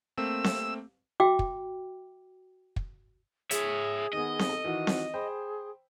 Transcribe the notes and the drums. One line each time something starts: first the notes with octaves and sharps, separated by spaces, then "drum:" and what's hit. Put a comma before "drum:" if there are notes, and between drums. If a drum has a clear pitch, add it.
A3 A#3 C4 E6
drum: snare C4
F#4 E5 G5 D6
drum: kick
drum: kick
G#4 C#5 E5, drum: hi-hat
D#3 B3 D#5
drum: snare C4
A4
D#3 E3 F#4
drum: snare C4
G#4 C5 G5 B5